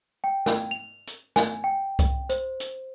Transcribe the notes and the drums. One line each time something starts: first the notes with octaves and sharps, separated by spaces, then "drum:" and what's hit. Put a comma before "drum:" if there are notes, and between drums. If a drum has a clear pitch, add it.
G5
drum: snare
F7
drum: hi-hat
G#5, drum: snare
G5
drum: kick C2, hi-hat
C5, drum: hi-hat
drum: hi-hat